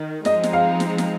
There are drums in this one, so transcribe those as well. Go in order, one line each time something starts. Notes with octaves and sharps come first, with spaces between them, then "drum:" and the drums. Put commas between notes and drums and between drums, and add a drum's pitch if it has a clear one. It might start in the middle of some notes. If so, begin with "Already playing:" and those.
Already playing: D#3
F3 G#3 C4 D#4 D#5, drum: snare
drum: snare
F5
drum: snare
drum: snare